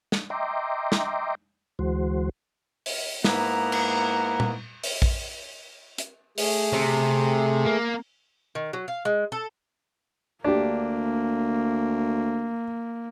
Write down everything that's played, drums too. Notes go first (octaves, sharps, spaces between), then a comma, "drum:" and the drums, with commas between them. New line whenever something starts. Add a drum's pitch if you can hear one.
drum: snare
D#5 E5 G5 A#5 C6 D6
drum: snare
D2 E3 G#3 F#4 C5
drum: open hi-hat
G#2 A#3 B3 E4 F#5 A#5, drum: snare
drum: cymbal
drum: tom A#2
drum: open hi-hat
drum: kick A#1
drum: hi-hat
A3 G#4, drum: open hi-hat
C3
A#3
D#3
F#3
F5
G#3
A4
D2 A#3 D4 G4